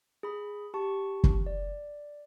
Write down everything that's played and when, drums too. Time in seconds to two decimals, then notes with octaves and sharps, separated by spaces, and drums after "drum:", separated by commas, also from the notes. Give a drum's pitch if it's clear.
0.23 G#4 B5
0.74 G4 A5 C#6
1.24 drum: kick
1.46 D5